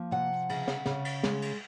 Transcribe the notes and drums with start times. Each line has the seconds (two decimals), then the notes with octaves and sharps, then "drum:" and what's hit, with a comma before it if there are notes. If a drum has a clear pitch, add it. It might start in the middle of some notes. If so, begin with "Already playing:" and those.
Already playing: F3 A#3
0.11 C3 F#5
0.49 C#3, drum: cymbal
0.67 drum: snare
0.86 C#3, drum: snare
1.05 drum: cymbal
1.24 G#3, drum: snare
1.42 drum: cymbal